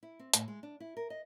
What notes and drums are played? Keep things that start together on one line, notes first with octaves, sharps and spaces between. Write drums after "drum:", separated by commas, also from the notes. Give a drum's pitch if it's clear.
E4
C4
A2, drum: hi-hat
G#3
D4
E4
A#4
D#5